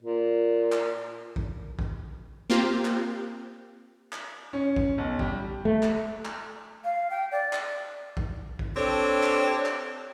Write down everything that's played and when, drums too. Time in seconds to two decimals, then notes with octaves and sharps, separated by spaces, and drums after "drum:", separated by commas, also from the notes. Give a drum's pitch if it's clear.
0.03 A#2
0.72 drum: clap
1.36 drum: kick
1.79 drum: kick
2.50 A#3 C4 F4 G4
2.85 drum: clap
4.13 drum: clap
4.53 C#4
4.76 drum: kick
4.98 B1
5.19 G3, drum: kick
5.65 A3
5.83 drum: clap
6.25 drum: clap
6.84 F5
7.10 G5
7.32 D5
7.53 drum: clap
8.17 drum: kick
8.59 drum: kick
8.75 C4 D4 G4 A4 C#5
9.23 drum: clap
9.66 drum: clap